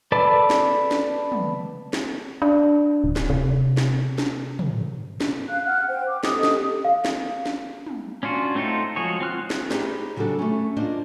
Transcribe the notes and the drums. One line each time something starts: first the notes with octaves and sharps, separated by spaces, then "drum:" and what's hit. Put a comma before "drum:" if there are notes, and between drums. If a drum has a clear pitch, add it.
A4 B4 D5 A5
drum: snare
drum: snare
drum: tom
drum: snare
D4
D1
drum: snare
C3
drum: snare
drum: snare
drum: tom
drum: snare
F5 F#6
F#5 F6 F#6
C5 G5
D6
G4 A4 D#5 D#6, drum: snare
drum: snare
F5
drum: snare
drum: snare
drum: tom
C#4 D4 F4 F#4
A3 C4 D#4 F4 A4
F3 G#3 F#4 G#4 C#5
C4 F4 F6 F#6
drum: snare
D#4 E4 G4 G#4 C5, drum: snare
C#3 F#3 G3 D4 A4
A3 C#4
A#3 D4 F4 C5 D#5